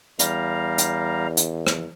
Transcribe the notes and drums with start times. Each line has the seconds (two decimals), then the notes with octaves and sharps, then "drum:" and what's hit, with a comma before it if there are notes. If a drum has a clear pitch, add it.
0.19 E2 G3 F5 A#5, drum: hi-hat
0.78 drum: hi-hat
1.37 drum: hi-hat
1.67 drum: rim click